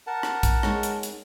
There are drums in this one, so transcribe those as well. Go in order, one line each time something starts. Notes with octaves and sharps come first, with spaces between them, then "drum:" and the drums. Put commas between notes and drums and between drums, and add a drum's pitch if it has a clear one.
A#4 F#5 A5
drum: rim click
drum: kick A#1, hi-hat
G#3 D#4 C#5, drum: rim click
drum: hi-hat
drum: hi-hat